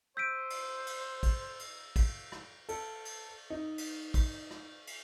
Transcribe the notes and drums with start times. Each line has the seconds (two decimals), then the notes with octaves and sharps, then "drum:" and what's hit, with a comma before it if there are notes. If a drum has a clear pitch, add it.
0.17 C5 E6 G6 B6 D7 D#7
0.50 drum: cymbal
0.87 drum: cymbal
1.23 drum: kick, cymbal
1.59 drum: cymbal
1.96 drum: kick, cymbal
2.32 drum: rim click
2.69 A4, drum: cymbal
3.05 drum: cymbal
3.50 D#4
3.78 drum: cymbal
4.14 drum: kick, cymbal
4.51 drum: rim click
4.87 drum: cymbal